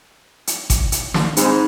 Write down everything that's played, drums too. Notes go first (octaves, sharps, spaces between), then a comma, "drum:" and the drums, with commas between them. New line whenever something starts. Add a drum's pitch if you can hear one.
drum: hi-hat
drum: kick G#1, hi-hat
drum: hi-hat
drum: snare
G#2 C4 C5 B5, drum: hi-hat